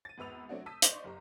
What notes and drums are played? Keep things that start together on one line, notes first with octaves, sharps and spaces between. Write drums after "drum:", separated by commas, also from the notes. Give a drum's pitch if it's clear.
A6 D#7
G#1 E2 B4 E6 F7
F#3 A3 C4 D4 F#4
A5 D#6 E6 G6 B6 D#7
C5 D5 D#5 C#6, drum: hi-hat
F#1 G4 A#5